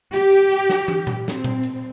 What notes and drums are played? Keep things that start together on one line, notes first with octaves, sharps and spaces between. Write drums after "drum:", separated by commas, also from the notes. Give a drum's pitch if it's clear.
G4, drum: hi-hat
drum: hi-hat
drum: hi-hat
drum: snare
drum: tom
drum: tom A#2
C4, drum: snare
drum: tom A#2
drum: hi-hat